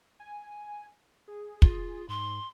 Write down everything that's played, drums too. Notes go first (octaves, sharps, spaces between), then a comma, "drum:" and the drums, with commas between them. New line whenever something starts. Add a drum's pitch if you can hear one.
G#5
G#4
F4, drum: kick
G#2 C6